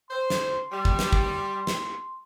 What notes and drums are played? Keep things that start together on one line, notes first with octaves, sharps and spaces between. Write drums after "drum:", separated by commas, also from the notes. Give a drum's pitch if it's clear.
C5 C6
drum: snare
G3
drum: kick
drum: snare
drum: kick
drum: snare